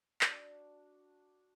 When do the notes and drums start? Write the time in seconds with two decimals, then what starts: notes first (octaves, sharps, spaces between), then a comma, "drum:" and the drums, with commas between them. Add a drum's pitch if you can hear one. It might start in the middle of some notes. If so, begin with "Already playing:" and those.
0.21 D4 F#4, drum: clap